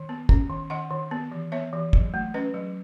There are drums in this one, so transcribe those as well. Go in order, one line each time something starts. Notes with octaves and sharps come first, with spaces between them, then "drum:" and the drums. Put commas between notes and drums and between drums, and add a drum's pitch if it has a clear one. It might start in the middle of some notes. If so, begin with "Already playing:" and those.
Already playing: D#3
B3
C#4, drum: kick
D#3
D#3 D#5 F#5
D#3
B3
E3
B3 C#5 E5
E3
F#3, drum: kick
A3
C#4 B4 D#5
F#3